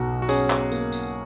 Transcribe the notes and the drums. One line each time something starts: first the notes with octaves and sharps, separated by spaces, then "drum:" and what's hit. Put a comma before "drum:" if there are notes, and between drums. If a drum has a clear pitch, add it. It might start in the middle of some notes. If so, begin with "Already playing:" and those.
Already playing: B1 B2 F#4
F#4
C#4 G#4, drum: tambourine
drum: clap
A#3, drum: tambourine
drum: tambourine